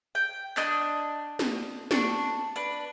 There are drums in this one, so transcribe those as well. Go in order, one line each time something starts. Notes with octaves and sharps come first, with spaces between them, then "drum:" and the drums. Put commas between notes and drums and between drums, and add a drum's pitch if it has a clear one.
G5
D4 D#5, drum: clap
drum: snare
D4 C#6, drum: snare
D4 B4